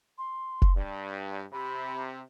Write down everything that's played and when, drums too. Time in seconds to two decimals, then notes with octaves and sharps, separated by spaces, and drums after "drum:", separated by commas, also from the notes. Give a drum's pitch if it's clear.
0.18 C6
0.62 drum: kick F1
0.76 G2 D5
1.52 C3 B5